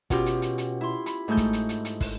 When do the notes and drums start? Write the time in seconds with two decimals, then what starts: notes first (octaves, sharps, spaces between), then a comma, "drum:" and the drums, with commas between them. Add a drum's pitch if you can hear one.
0.10 B2 C#4 F4 G4, drum: kick, hi-hat
0.26 drum: hi-hat
0.42 drum: hi-hat
0.58 drum: hi-hat
0.81 E4 C6
1.06 B5, drum: hi-hat
1.28 G#2 A3 G#4 A4 G6
1.37 drum: kick, hi-hat
1.53 drum: hi-hat
1.69 drum: hi-hat
1.85 drum: hi-hat
2.01 drum: kick, open hi-hat